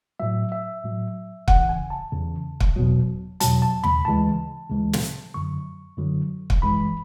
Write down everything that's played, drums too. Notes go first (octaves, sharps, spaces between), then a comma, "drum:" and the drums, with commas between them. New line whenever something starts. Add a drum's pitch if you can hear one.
A2 F#3 E5
E5
A2 F#3
E2 C#3 E3 F#5, drum: kick
G#5
A5
E2 C#3 E3
drum: kick
E2 B2 F#3
E2 B2 F#3 A5, drum: hi-hat
A5
B5, drum: tom D#2
D2 C#3 E3 G#3 A5
D2 C#3 E3 G#3
drum: snare
F#2 D3 F#3 C#6
F#2 D3 F#3
drum: kick
F#2 E3 G#3 B5